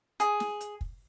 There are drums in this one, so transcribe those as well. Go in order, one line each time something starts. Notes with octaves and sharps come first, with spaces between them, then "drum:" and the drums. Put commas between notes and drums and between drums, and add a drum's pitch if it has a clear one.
G#4, drum: hi-hat
drum: snare
drum: hi-hat
drum: kick